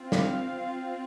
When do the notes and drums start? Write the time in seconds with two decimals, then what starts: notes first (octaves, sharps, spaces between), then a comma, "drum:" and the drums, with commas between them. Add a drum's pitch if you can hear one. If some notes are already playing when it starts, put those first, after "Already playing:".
Already playing: C4 F4
0.12 F5, drum: snare